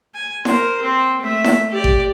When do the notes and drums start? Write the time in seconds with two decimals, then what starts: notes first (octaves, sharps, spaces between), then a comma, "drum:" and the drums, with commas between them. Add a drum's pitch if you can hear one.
0.15 G#5
0.45 A#4 C5, drum: snare E4
0.82 C4
1.21 A3 E5
1.44 drum: snare E4
1.71 G4 D5
1.84 drum: kick G#1